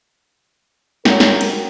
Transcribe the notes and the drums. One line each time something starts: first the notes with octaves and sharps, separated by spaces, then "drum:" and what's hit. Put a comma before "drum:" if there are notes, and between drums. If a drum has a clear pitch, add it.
F#3 A#4 G5, drum: snare
drum: snare
drum: cymbal